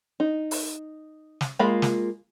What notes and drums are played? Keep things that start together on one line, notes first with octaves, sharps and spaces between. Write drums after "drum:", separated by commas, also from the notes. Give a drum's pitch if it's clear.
D#4
drum: open hi-hat
drum: snare
G#3 A#3 F4 F5 B5
drum: snare